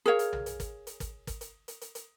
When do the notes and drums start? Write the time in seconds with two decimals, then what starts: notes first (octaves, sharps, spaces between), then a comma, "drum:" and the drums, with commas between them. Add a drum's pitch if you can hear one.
0.06 G#4 A#4 C#5 F5
0.19 drum: hi-hat
0.33 drum: tom B1
0.46 drum: hi-hat
0.60 drum: kick, hi-hat
0.87 drum: hi-hat
1.00 drum: kick, hi-hat
1.27 drum: kick, hi-hat
1.41 drum: hi-hat
1.68 drum: hi-hat
1.81 drum: hi-hat
1.95 drum: hi-hat